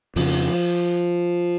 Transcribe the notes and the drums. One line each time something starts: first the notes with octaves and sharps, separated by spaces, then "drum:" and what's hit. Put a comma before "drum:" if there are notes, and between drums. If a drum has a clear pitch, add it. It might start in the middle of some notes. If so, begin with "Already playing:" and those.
F2 C#3 F3, drum: open hi-hat